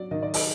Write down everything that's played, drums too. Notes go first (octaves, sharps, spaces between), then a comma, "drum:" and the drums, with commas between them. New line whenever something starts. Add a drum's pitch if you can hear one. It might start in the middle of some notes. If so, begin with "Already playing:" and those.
Already playing: F#3 D5
D#3 D#5
D5
D#5, drum: open hi-hat